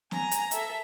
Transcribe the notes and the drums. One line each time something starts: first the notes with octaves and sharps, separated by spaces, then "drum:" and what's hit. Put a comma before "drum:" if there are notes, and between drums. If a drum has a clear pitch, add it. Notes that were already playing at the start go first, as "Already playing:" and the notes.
G#5 A#5, drum: snare
drum: hi-hat
A4 E5, drum: hi-hat